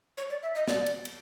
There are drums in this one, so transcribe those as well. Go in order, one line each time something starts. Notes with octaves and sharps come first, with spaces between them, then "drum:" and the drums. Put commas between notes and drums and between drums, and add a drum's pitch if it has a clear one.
C#5
D5
E5
D#5
D5, drum: snare
drum: cymbal
drum: cymbal